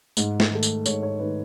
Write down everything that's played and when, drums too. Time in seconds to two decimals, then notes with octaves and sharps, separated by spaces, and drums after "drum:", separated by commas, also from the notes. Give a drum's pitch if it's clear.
0.17 G#2, drum: tambourine
0.40 drum: snare
0.51 D#3 A3
0.63 drum: tambourine
0.86 G#2 C#5, drum: tambourine
1.02 C#5
1.19 D#3 A3 B4